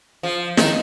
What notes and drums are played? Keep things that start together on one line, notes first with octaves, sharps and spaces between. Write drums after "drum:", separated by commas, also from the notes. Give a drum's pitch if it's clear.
F3
D#3, drum: snare